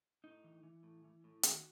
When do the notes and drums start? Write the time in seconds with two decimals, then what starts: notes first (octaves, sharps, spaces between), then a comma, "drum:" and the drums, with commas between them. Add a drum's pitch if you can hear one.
0.24 A2 D#4
0.44 E3
0.63 E3
0.83 A2
1.04 E3
1.24 A2
1.43 D#3 F#4, drum: hi-hat